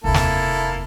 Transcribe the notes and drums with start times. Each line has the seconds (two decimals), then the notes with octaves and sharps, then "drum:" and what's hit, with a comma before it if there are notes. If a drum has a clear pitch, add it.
0.04 F1 D#2 A#3 E4 A4
0.14 drum: snare